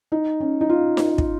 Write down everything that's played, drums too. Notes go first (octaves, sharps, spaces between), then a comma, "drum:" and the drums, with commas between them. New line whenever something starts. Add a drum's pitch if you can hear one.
D#4
C#4
D#4
F4
drum: snare D#4
drum: kick